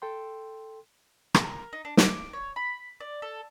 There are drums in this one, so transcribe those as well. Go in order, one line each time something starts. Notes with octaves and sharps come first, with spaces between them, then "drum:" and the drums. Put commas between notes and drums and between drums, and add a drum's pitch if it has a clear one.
A4 G5 C6
A#4, drum: rim click
D#4
D4
D6, drum: snare
C#5
B5
D5
A4